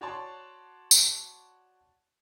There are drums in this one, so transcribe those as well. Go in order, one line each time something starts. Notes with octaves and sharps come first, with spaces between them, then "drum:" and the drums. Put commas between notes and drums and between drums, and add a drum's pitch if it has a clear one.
F#4 C#5 D5 A5 C6
drum: tambourine